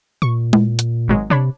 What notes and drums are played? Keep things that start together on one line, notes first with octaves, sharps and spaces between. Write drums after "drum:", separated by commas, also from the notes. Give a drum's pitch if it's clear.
A#2 C#6
drum: tom G#3
drum: hi-hat
G#1 F#3 G#3
C3 D4 C#5 B5